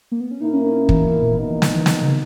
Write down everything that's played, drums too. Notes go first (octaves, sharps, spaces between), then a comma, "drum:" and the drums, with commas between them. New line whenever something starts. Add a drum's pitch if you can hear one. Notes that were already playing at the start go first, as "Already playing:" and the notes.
A#3
B3
C#4
B2 A#3 D#4 E4 A#4
C#4
C#4
E3, drum: kick
E3
A#2
B2 A#3 D#4
E3
F#3, drum: snare
E3
drum: snare
C#3